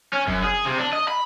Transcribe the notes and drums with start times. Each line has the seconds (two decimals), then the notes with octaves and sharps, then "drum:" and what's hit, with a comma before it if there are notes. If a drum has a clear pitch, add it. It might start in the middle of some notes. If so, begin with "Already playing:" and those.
0.13 C#4
0.28 F#2, drum: kick F#1
0.44 G#4
0.66 C3
0.79 D4
0.93 D#5
1.08 B5